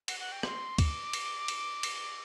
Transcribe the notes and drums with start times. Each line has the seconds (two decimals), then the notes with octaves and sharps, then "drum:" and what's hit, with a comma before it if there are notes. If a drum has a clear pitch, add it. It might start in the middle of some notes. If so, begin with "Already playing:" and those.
0.08 F#5, drum: cymbal
0.20 F#5
0.32 G5
0.43 C6, drum: rim click
0.78 D6, drum: kick D2, cymbal
1.13 drum: cymbal
1.48 drum: cymbal
1.83 drum: cymbal